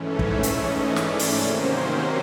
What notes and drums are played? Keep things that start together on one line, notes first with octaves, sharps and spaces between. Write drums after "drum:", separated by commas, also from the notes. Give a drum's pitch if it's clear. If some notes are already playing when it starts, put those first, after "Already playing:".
Already playing: G#2 E3 A3 C#4
E5, drum: kick
drum: hi-hat
D#5
D5, drum: snare
drum: open hi-hat
C3 D#3 F#3 A#3 C#4 C5